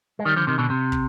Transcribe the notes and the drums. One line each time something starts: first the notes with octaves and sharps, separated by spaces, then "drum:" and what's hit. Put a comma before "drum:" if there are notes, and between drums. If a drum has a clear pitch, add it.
G#3
D#3 G3
D3 F3
C3 D#3
B2 D3
C3
drum: kick